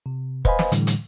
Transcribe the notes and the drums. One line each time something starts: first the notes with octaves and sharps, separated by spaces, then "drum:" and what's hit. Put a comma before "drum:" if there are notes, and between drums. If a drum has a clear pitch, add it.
C3
B4 C5 D#5 F5 G#5 B5, drum: kick
drum: snare
A2 D3 E3 G3, drum: hi-hat
drum: hi-hat